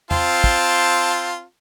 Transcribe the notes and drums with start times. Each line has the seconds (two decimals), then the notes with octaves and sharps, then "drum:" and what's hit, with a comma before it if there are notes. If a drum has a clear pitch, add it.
0.11 C4 F4 A5, drum: tom
0.44 drum: kick